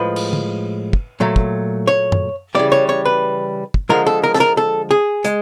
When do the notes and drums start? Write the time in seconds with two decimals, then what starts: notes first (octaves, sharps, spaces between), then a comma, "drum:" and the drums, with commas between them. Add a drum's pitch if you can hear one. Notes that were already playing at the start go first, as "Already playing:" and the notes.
Already playing: A2 F3 G#3 B4
0.16 drum: cymbal
0.33 drum: tom
0.93 drum: kick
1.20 A#2 F#3 A3
1.36 drum: kick
1.87 C#5
2.12 drum: tom
2.55 C#3 E3 G3 D5
2.72 C#5
2.89 C#5
3.05 B4
3.74 drum: kick
3.89 D3 F3 G#3 A#4
4.07 A4
4.23 A#4
4.34 A4, drum: snare
4.40 A#4
4.57 A4
4.91 G#4
5.24 G#3, drum: hi-hat